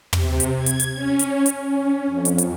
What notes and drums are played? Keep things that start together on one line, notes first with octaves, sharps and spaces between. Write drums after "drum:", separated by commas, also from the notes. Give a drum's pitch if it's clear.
C3, drum: tom
drum: hi-hat
G#6
drum: hi-hat
drum: hi-hat
C#4
drum: hi-hat
drum: hi-hat
C#4
F2
drum: hi-hat
drum: hi-hat